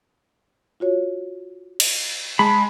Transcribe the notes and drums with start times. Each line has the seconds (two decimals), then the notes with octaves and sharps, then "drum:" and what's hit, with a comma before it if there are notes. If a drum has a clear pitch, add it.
0.80 F4 F#4 C#5
1.80 drum: cymbal
2.39 G#3 A5 B5